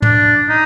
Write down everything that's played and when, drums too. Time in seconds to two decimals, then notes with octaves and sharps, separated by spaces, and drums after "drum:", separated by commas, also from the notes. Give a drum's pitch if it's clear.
0.02 D4, drum: tom
0.49 D#4